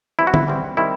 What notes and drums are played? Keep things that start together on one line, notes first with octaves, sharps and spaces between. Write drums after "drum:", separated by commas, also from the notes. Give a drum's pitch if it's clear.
E3 G3 C4 E4
F#4
E4, drum: tom D3
E3 G3 C4
D#3 G3 C4 E4